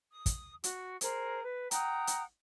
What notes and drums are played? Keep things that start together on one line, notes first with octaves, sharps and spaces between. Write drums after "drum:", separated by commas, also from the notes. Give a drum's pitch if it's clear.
D#6
drum: kick, hi-hat
F#4, drum: hi-hat
G#4 A#4 C5, drum: hi-hat
B4
F#5 G5 A#5 D#6, drum: hi-hat
drum: hi-hat